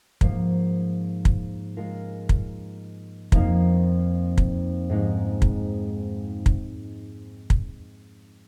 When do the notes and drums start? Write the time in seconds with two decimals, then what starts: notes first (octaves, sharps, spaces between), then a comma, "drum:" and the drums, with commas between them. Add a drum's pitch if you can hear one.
0.21 G#2 F3 A#3, drum: kick
1.25 drum: kick
1.77 G#3 F4 A#4
2.29 drum: kick
3.32 F2 F3 A#3 D#4, drum: kick
4.38 drum: kick
4.90 G#2 G#3 D#4
5.42 drum: kick
6.46 drum: kick
7.50 drum: kick